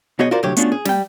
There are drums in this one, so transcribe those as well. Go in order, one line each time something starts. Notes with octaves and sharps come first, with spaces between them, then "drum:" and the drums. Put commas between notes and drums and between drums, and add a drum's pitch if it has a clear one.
B1 B3 F#4 G#4 C#5 D#5
F4 F#4 A#4 C5 D5
C2 A2 D3 F#3 G4 C#5
A3 B3 C#4 D4 F4 F#4, drum: hi-hat
G#4
G3 G5, drum: snare